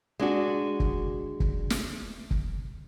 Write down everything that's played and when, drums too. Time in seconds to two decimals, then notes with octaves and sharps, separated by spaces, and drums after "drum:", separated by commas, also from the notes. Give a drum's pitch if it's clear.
0.20 G#3 D4 F#4
0.80 drum: kick
1.40 drum: kick
1.70 drum: snare
2.31 drum: kick